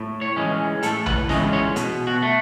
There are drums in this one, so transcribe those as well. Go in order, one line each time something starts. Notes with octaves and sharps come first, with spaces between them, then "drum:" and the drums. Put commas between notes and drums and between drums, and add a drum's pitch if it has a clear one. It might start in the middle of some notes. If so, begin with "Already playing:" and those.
Already playing: A2
C#5
E3 G#3 C#4
A2 A4, drum: hi-hat
B4, drum: tom
E3 G#3 C#4 D#5, drum: snare
C#5
B2, drum: hi-hat
F#4
A3